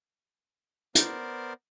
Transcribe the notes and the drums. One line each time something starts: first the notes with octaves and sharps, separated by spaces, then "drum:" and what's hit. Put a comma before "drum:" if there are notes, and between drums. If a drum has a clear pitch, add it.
B3 A#4 C5 D5, drum: hi-hat